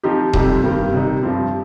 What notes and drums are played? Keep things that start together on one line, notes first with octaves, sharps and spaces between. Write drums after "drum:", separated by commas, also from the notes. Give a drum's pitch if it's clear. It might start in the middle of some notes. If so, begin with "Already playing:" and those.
F3 C4 D#4 G4
F2 C3 G3 D#4 G4, drum: kick D#1
G2 D#3 A#3 G4
C3 G3 D#4
G2 F3 C4 G4